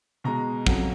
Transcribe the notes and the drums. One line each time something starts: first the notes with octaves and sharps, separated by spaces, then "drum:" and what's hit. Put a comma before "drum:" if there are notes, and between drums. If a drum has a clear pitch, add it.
B2 G#3 A#5
F2 C#3 F#3, drum: kick